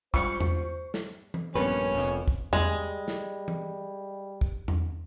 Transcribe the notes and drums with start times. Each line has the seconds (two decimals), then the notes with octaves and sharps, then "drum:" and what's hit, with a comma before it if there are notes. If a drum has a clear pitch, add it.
0.14 G3 G#3 F4 C5 C#6 C#7, drum: kick
0.40 drum: tom E2
0.94 drum: snare
1.34 drum: tom E3
1.56 A#1 G2 B3 C#4 A#4 B4
1.94 F1 F2
2.28 drum: kick
2.53 G3 G#3, drum: tom E2
3.08 drum: snare
3.48 drum: tom E3
4.41 drum: kick
4.68 drum: tom E2